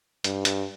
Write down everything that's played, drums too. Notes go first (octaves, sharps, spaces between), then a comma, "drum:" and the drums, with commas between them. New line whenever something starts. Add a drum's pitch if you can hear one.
G2, drum: hi-hat
drum: hi-hat